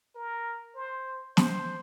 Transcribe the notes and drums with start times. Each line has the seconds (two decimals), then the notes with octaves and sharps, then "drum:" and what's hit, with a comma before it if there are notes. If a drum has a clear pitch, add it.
0.15 A#4
0.75 C5
1.37 C5, drum: snare